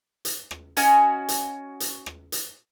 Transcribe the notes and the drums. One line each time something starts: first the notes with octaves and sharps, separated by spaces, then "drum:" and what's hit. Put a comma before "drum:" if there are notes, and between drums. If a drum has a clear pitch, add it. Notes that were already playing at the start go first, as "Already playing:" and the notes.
drum: hi-hat
drum: rim click
C#4 F#4 D#5 G#5, drum: hi-hat
drum: hi-hat
drum: hi-hat
drum: rim click
drum: hi-hat